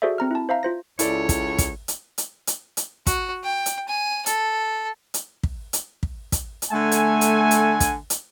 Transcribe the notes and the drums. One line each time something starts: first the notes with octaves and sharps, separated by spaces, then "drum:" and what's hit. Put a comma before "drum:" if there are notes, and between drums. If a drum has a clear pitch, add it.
F#4 G#4 A4 C5 D5 E5
C4 A#5 F6
E4 A5
C5 E5 F5 A#5
F4 C5 A#6
C#2 E4 A4 C#5 D5, drum: hi-hat
drum: kick, hi-hat
drum: kick, hi-hat
drum: hi-hat
drum: hi-hat
drum: hi-hat
drum: hi-hat
F#4, drum: kick, hi-hat
G5
drum: hi-hat
G#5
A4, drum: hi-hat
drum: hi-hat
drum: kick
drum: hi-hat
drum: kick
drum: kick, hi-hat
drum: hi-hat
D3 A3 F#5 G#5
drum: hi-hat
drum: hi-hat
drum: hi-hat
drum: kick, hi-hat
drum: hi-hat